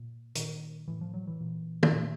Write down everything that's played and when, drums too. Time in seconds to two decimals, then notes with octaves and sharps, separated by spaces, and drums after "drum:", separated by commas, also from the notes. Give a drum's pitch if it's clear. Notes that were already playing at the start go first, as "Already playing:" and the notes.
Already playing: A#2
0.35 A#2 D#3, drum: hi-hat
0.88 A2 E3
1.01 F3
1.14 F#3
1.27 E3
1.40 A#2
1.83 drum: tom
1.92 A#2